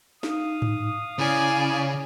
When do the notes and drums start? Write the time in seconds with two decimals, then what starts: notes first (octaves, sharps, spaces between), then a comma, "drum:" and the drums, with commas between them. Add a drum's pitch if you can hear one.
0.23 D#4 F5 D#6, drum: snare
0.62 drum: tom G#2
1.18 C#3 E4 D5 G#5